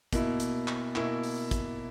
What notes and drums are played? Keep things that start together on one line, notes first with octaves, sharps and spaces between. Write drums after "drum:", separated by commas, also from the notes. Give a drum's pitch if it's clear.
B2 A#3 E4, drum: kick, hi-hat
drum: hi-hat
drum: clap
B2 A#3 E4, drum: clap
drum: open hi-hat
drum: kick, hi-hat